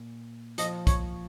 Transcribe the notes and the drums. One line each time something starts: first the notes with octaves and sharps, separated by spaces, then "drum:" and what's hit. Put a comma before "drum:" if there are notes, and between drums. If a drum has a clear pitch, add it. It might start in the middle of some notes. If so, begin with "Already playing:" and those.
Already playing: A#2
F3 D#5, drum: hi-hat
C#5, drum: kick, hi-hat